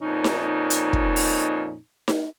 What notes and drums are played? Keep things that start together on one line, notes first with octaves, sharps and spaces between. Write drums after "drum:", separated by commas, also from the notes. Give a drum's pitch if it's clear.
F2 A#2 C#4 D#4
drum: snare D#4
drum: hi-hat
drum: kick
drum: open hi-hat
drum: snare D#4